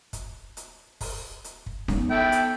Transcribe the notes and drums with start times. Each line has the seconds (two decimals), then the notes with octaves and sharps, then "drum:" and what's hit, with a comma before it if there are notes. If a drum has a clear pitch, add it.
0.13 drum: kick, hi-hat
0.57 drum: hi-hat
1.01 drum: kick, open hi-hat
1.44 drum: hi-hat
1.66 drum: kick
1.88 B3 D#4, drum: snare C#4
2.10 E4 A4 G5
2.32 drum: hi-hat